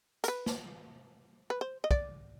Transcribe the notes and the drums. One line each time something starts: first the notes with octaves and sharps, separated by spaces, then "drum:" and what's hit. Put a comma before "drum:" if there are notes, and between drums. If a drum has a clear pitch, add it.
A#4, drum: hi-hat
B4
drum: snare A#3
B4
C5
D#5
D5, drum: kick